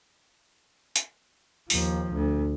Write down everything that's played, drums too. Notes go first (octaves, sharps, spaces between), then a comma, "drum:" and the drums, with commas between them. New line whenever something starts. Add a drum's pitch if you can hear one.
drum: hi-hat
D#2 F3, drum: open hi-hat
D2